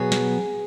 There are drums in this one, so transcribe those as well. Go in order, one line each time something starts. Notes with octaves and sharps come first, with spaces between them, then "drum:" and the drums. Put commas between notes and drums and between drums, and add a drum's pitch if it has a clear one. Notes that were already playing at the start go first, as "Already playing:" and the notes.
Already playing: B2 F#3 B3 G#4
drum: snare